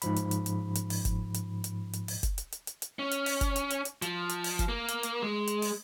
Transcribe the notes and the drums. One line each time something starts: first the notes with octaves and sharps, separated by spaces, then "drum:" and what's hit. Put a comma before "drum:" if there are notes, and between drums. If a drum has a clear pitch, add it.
G#2 F3 B5, drum: hi-hat
drum: hi-hat
drum: hi-hat
drum: hi-hat
drum: hi-hat
drum: open hi-hat
drum: kick F#1, hi-hat
drum: hi-hat
drum: hi-hat
drum: hi-hat
drum: open hi-hat
drum: kick F#1, hi-hat
drum: hi-hat
drum: hi-hat
drum: hi-hat
drum: hi-hat
C#4
drum: hi-hat
drum: open hi-hat
drum: kick F#1, hi-hat
drum: hi-hat
drum: hi-hat
drum: hi-hat
F3, drum: hi-hat
drum: hi-hat
drum: open hi-hat
drum: kick F#1, hi-hat
A#3
drum: hi-hat
drum: hi-hat
G#3
drum: hi-hat
drum: open hi-hat